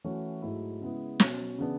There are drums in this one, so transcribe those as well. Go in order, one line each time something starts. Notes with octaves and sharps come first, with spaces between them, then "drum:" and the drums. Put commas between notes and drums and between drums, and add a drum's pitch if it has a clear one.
E3 A3 C#4 F#4
G#2 F#3 A3 E4
C#3 G#3 B3 E4
B2 F#3 C#4, drum: snare
C#3 E3 B3 D4